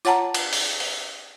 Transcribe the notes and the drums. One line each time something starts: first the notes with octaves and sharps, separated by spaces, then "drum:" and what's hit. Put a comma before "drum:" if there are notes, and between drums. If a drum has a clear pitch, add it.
F4 C#5 F#5 A5 A#5, drum: tambourine
drum: cymbal
drum: open hi-hat
drum: open hi-hat